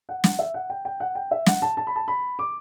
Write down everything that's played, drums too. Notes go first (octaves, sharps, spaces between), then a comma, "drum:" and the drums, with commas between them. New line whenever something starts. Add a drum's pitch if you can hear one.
F#5
F#5, drum: snare
E5
F#5
G5
G5
F#5
G5
E5
F#5, drum: snare
A5
A5
B5
A5
B5
D6